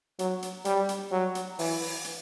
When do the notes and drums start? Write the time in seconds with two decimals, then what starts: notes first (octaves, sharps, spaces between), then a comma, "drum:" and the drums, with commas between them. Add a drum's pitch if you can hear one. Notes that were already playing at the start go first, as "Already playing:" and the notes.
0.19 F#3, drum: hi-hat
0.42 drum: hi-hat
0.65 G3, drum: hi-hat
0.89 drum: hi-hat
1.11 F#3
1.35 drum: hi-hat
1.59 E3, drum: open hi-hat
1.81 drum: open hi-hat
2.04 drum: hi-hat